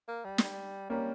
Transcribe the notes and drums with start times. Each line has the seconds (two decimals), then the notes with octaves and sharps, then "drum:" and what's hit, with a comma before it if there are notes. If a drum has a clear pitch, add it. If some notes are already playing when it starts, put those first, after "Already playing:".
0.08 A#3
0.25 G3
0.38 drum: snare
0.90 G3 A#3 C#4